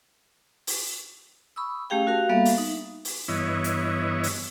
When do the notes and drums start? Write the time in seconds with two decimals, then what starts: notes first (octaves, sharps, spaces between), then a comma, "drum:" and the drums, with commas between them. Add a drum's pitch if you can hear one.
0.67 drum: open hi-hat
1.56 B5 C#6 D#6 E6
1.90 A3 C#4 G4 G#4 F5 G5
2.07 F#4 A#4 F5
2.29 G3 A#3 B3 A4 E5 F5
2.45 drum: open hi-hat
2.58 D#4
3.05 drum: open hi-hat
3.28 G2 E3 B3 E4 C#5 D#5
3.64 drum: hi-hat
4.23 drum: open hi-hat